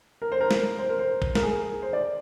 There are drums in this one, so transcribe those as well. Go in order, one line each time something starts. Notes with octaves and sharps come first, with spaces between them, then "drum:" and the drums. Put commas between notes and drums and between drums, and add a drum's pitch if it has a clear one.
A#4
C5
A#4
drum: snare
C5
A#4
C5
drum: kick
A#4, drum: snare
G#4
A#4
C5
D5